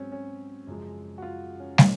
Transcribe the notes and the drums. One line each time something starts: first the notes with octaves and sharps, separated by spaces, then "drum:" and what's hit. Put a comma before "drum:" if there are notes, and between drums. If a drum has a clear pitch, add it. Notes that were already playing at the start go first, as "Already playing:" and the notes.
Already playing: G#2 F#3 C4 C#4
C#4
F#2 C#3 F3 G#3
F#4
F4
C#4
D#3 C#4, drum: snare